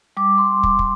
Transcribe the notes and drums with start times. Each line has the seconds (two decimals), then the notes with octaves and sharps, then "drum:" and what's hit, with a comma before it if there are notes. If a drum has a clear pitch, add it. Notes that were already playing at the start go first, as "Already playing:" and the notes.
0.17 G3 D6
0.38 C6
0.63 drum: kick
0.79 drum: kick